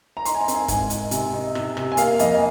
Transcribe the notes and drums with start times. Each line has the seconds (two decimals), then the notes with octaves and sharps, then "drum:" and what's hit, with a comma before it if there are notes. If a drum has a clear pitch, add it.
0.17 A#5
0.25 D#4 C6, drum: hi-hat
0.34 G#5
0.41 A#5
0.48 C4, drum: hi-hat
0.55 G#5
0.68 G#2 G#5, drum: kick, hi-hat
0.90 D#4, drum: hi-hat
1.11 C3, drum: hi-hat
1.33 D#4
1.55 C3, drum: rim click
1.77 C3, drum: rim click
1.92 G#5
1.97 A#3 F5, drum: hi-hat
2.19 F2 D#5, drum: hi-hat
2.35 G#5